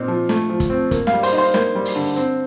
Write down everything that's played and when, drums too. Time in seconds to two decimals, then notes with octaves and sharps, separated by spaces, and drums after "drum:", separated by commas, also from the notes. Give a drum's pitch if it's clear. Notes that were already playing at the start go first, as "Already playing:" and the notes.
Already playing: A#2 C4 D#4
0.08 F3
0.29 A3, drum: snare
0.50 F3
0.60 drum: kick, hi-hat
0.70 C4
0.91 A#3, drum: kick, hi-hat
1.07 F5, drum: snare
1.12 G3
1.23 C5, drum: open hi-hat
1.33 D#4
1.38 C5
1.54 A#3 C5, drum: snare
1.75 G3
1.85 drum: open hi-hat
1.96 D3
2.16 C4, drum: hi-hat